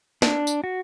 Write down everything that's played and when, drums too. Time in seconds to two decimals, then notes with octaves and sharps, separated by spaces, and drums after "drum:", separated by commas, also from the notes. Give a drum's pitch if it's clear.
0.22 D4, drum: snare
0.47 drum: tambourine
0.64 F#4